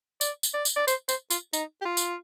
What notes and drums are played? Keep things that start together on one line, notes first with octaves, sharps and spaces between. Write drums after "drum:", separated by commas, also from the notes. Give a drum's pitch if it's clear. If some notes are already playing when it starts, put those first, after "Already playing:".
D5, drum: tambourine
drum: tambourine
D5
drum: tambourine
D5
C5, drum: tambourine
C5, drum: tambourine
F4, drum: tambourine
D#4, drum: tambourine
G4
F4
drum: tambourine